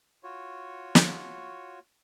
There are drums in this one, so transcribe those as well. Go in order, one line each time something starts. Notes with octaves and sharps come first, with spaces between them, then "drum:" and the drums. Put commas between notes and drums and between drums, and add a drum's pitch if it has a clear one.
F4 F#4 C#5
drum: snare